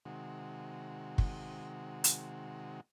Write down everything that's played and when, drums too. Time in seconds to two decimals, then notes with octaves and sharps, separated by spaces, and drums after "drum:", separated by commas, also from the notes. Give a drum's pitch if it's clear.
0.05 C3 D#3 G#3 F#4
1.18 drum: kick
2.04 drum: hi-hat